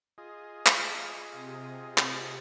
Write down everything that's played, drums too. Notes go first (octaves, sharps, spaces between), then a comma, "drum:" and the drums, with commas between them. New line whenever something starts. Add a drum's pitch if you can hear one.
F4 G#4 D#5
drum: clap
C3
drum: clap